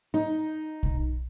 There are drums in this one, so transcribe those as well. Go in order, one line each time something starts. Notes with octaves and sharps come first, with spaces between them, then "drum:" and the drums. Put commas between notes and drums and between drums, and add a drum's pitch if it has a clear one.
D#4
drum: kick